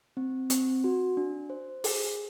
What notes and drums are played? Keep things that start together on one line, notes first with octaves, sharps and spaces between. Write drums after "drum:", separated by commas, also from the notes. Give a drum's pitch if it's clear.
C4
C4, drum: hi-hat
F#4
D4
C5
G#4, drum: open hi-hat